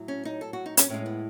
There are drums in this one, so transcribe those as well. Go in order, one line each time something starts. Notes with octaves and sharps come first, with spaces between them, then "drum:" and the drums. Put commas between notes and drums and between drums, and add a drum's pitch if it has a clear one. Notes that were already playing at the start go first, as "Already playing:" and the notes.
Already playing: A2 F#3
C#4
D#4
A4
F#4
D#4
C#4, drum: hi-hat
A2 G#3 C#4
B3